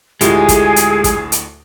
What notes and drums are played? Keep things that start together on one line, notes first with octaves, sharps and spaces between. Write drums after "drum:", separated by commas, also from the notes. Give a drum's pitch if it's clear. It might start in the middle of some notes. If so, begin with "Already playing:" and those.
D2 A2 G#3 F4 G4 G#4, drum: hi-hat
drum: kick, hi-hat
drum: hi-hat
drum: kick, hi-hat
drum: hi-hat